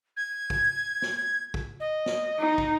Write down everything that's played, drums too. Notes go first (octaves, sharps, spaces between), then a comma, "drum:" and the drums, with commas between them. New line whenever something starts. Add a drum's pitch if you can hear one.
G#6
drum: kick
drum: snare
drum: kick
D#5
drum: snare
D#4
drum: kick